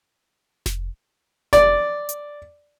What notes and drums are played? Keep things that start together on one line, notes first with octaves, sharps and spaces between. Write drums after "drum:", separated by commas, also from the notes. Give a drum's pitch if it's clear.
drum: snare F1
D5, drum: snare F1
drum: hi-hat